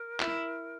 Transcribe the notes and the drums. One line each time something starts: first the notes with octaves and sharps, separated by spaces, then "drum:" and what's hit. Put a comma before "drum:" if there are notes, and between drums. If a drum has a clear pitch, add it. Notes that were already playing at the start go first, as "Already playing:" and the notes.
Already playing: A#4
E4, drum: clap